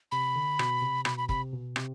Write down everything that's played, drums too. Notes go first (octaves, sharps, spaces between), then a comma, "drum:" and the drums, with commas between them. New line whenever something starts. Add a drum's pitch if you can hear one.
C3 B5
D3
B2, drum: rim click
C3
B2 B5, drum: rim click
B5
C3 B5, drum: kick
B2
C3, drum: rim click